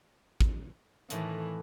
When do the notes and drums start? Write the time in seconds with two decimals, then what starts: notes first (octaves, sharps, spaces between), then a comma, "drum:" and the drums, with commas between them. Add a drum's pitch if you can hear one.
0.41 drum: kick
1.10 F2 A2 D#3 E3, drum: hi-hat